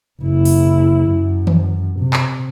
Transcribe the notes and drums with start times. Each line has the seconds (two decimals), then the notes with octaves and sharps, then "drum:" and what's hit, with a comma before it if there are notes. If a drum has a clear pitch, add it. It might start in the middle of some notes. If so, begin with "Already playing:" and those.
0.22 F#1 E4
0.45 drum: open hi-hat
1.11 F#2
1.47 drum: tom D#3
1.99 C3
2.13 drum: clap